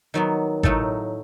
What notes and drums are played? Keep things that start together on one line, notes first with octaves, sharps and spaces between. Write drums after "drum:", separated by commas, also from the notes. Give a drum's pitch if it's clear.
D#3 F#3 B3
A2 F#3 A3 D#4 A4, drum: kick G#1